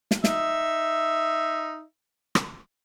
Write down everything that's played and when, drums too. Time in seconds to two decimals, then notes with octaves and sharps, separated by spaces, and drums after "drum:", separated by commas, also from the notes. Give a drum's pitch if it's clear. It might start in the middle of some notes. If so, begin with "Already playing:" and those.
0.11 drum: snare
0.24 D#4 E5, drum: snare
2.35 drum: rim click